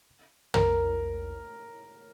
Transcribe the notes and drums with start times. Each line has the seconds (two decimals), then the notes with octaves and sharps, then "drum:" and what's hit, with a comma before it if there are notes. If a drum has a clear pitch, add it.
0.54 A#4, drum: tom